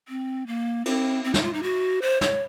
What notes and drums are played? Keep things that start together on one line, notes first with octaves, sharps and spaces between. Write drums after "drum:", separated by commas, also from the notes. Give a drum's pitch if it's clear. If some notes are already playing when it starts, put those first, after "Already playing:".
C4
A#3
C4, drum: cymbal
C4
D#4, drum: snare
F4
D#4
F#4
C5
C#5, drum: snare